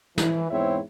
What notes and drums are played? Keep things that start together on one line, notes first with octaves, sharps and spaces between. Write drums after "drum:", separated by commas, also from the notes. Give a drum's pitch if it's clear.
E3, drum: snare
E2 G#2 C4 E4 C#5 E5